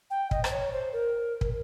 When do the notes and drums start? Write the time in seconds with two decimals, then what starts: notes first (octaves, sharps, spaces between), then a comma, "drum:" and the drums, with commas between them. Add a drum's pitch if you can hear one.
0.10 G5
0.31 D#5, drum: kick
0.44 C5, drum: rim click
0.51 C#5
0.73 C5
0.93 A#4
1.41 drum: kick